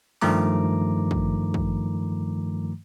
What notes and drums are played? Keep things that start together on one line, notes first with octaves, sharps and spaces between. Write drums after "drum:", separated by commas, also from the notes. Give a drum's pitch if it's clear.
G2 D#3 F3 A3 A#5 D6, drum: open hi-hat
drum: kick
drum: kick